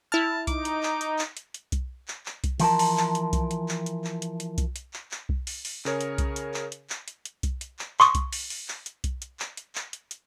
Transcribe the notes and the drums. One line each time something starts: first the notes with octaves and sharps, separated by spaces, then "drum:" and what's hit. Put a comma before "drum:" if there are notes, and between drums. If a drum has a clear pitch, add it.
E4 A5 F6
D#4 D6, drum: kick B1, hi-hat
drum: hi-hat
drum: clap
drum: hi-hat
drum: clap
drum: hi-hat
drum: hi-hat
drum: kick B1, hi-hat
drum: clap
drum: clap
drum: kick B1, hi-hat
E3 F3 A#4 A5, drum: open hi-hat
drum: open hi-hat
drum: clap
drum: hi-hat
drum: kick B1, hi-hat
drum: hi-hat
drum: clap
drum: hi-hat
drum: clap
drum: hi-hat
drum: hi-hat
drum: kick B1, hi-hat
drum: hi-hat
drum: clap
drum: clap
drum: kick B1
drum: open hi-hat
drum: open hi-hat
C#3 G#4 A#4 C#5, drum: clap
drum: hi-hat
drum: kick B1, hi-hat
drum: hi-hat
drum: clap
drum: hi-hat
drum: clap
drum: hi-hat
drum: hi-hat
drum: kick B1, hi-hat
drum: hi-hat
drum: clap
C6 C#6 D#6, drum: clap
drum: kick B1, hi-hat
drum: open hi-hat
drum: open hi-hat
drum: clap
drum: hi-hat
drum: kick B1, hi-hat
drum: hi-hat
drum: clap
drum: hi-hat
drum: clap
drum: hi-hat
drum: hi-hat